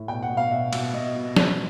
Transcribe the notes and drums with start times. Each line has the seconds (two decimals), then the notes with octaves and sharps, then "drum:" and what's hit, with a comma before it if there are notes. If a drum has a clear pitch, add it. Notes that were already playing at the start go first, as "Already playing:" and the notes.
Already playing: A2
0.08 B2 G5
0.22 F#5
0.29 B2
0.37 F5
0.51 B2 E5
0.73 B2, drum: cymbal
0.93 B2 D#5
1.14 B2
1.36 B2, drum: snare